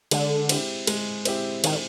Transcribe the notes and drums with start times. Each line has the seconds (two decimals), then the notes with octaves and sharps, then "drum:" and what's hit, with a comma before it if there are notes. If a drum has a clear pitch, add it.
0.11 D3 G#3, drum: cymbal
0.49 C4 E4 G4, drum: cymbal
0.87 G#3, drum: cymbal
1.25 C4 E4 G4, drum: cymbal
1.64 D#3, drum: cymbal